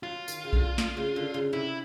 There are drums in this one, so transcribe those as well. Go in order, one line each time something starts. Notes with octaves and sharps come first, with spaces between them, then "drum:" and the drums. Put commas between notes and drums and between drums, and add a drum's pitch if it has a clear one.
F#3 F4
D#3, drum: tambourine
C#3
D3, drum: kick A#1
drum: snare
C#3
D3
C#3
C3 E4